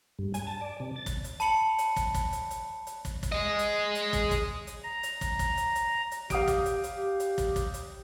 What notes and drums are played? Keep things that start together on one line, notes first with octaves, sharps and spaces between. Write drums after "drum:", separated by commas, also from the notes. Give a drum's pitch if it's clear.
G2
G#5, drum: hi-hat
A5
D5
C3
A6
drum: kick, hi-hat
drum: hi-hat
A5 B5 C#7 F#7, drum: hi-hat
drum: hi-hat
drum: kick, hi-hat
drum: kick, hi-hat
drum: hi-hat
drum: hi-hat
drum: hi-hat
drum: kick, hi-hat
drum: kick, hi-hat
G#4 D#5
drum: hi-hat
drum: hi-hat
drum: kick, hi-hat
drum: kick, hi-hat
drum: hi-hat
A#5
drum: hi-hat
drum: kick, hi-hat
drum: kick, hi-hat
drum: hi-hat
drum: hi-hat
drum: hi-hat
G4 F5 D#6 D7, drum: kick, hi-hat
drum: kick, hi-hat
drum: hi-hat
drum: hi-hat
G4
drum: hi-hat
drum: kick, hi-hat
drum: kick, hi-hat
drum: hi-hat